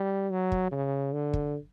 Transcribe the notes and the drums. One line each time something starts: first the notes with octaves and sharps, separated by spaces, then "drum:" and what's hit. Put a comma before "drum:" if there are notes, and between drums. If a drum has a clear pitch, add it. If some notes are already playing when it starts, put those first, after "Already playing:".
Already playing: G3
F#3
drum: kick
C#3
D3
drum: kick